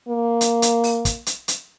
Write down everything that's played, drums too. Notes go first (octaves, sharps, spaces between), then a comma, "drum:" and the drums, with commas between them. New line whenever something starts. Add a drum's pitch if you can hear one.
A#3
drum: hi-hat
drum: hi-hat
drum: open hi-hat
drum: kick, hi-hat
drum: hi-hat
drum: hi-hat